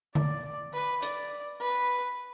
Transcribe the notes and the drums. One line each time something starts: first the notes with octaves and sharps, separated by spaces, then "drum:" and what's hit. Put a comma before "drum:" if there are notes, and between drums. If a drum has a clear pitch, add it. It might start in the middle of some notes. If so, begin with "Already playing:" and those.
D5, drum: tom D3
B4
D5, drum: hi-hat
B4